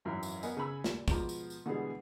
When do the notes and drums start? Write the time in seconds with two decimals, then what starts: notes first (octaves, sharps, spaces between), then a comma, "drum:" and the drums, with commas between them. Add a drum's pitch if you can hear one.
0.05 G#1 F#2 E3 F#3
0.23 drum: tambourine
0.43 B3 A#4 D#5 G#5, drum: tambourine
0.57 C#3 G#5 B5 E6
0.84 A#2 G3, drum: snare
1.08 B2 F3 G#3 A#5 D6, drum: kick, tambourine
1.29 drum: tambourine
1.50 drum: tambourine
1.66 B2 D3 E3 G3 G#3 G#4